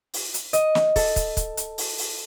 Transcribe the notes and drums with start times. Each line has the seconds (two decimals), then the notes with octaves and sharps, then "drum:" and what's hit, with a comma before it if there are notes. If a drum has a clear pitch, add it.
0.14 drum: open hi-hat
0.34 drum: hi-hat
0.53 D#5, drum: hi-hat
0.75 drum: snare
0.96 A4, drum: kick, open hi-hat
1.16 drum: kick, hi-hat
1.37 drum: kick, hi-hat
1.57 drum: hi-hat
1.78 drum: open hi-hat
1.98 drum: open hi-hat